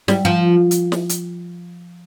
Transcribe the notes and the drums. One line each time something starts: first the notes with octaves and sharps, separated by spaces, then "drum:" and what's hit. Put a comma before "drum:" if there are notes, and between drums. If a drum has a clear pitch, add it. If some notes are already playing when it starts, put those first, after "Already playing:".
G3, drum: snare
F3
drum: hi-hat
drum: snare
drum: hi-hat